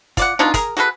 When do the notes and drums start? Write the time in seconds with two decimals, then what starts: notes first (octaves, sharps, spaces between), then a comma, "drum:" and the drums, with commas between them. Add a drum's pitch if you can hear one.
0.17 F4 D5 F#5, drum: kick, hi-hat
0.39 B2 D4 D#4 F4
0.54 G#4 A#4, drum: kick, hi-hat
0.77 F#4 G#4 A4 B4